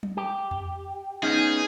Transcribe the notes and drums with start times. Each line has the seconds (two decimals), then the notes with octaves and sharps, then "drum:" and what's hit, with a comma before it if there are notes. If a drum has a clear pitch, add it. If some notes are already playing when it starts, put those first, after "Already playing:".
0.03 drum: tom F#3
0.17 G4
0.51 drum: tom E2
1.23 B3 C#4 D#4 G#4